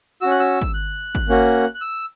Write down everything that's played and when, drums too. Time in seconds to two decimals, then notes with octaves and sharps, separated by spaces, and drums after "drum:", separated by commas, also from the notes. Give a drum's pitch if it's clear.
0.21 C#4 F#4 E6
0.31 F#6
0.40 E6
0.61 drum: kick
0.74 F#6
1.15 drum: kick
1.29 A#3 C#4 F#4
1.75 F#6
1.81 E6